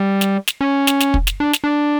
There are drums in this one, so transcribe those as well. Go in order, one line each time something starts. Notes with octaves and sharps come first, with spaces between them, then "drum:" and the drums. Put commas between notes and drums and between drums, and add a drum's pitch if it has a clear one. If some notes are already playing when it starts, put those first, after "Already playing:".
Already playing: G3
drum: snare
drum: snare
C#4
drum: snare
drum: snare
drum: kick
drum: snare
D4
drum: snare
D4